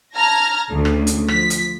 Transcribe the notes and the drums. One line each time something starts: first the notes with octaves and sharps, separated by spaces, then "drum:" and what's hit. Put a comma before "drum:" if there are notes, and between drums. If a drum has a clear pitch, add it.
A5 A#5 F6 G#6 A#6
D2 C#3
drum: rim click
drum: hi-hat
F3 B6, drum: rim click
drum: hi-hat